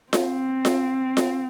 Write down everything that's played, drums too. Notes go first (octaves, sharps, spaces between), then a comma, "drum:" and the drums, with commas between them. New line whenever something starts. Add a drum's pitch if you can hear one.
C4, drum: snare F4
drum: snare F4
drum: snare F4